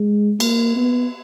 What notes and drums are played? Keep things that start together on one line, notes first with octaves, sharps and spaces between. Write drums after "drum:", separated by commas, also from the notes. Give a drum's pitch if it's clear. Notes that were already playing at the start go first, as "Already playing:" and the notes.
Already playing: G#3
A#3, drum: cymbal
B3